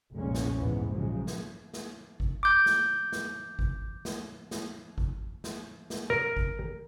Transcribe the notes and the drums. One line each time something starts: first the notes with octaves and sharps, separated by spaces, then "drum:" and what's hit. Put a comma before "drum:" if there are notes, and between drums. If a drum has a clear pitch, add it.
F1 B1 A#2 G#3 C#4
drum: snare
E2 G#2 C3 E3 B3
A#1 C#3 F3 F#3 G#3
drum: snare
drum: snare
drum: kick G#1
D6 G6
drum: snare
drum: snare
drum: kick G#1
drum: snare
drum: snare
drum: kick G#1
drum: snare
drum: snare
A#4
drum: kick G#1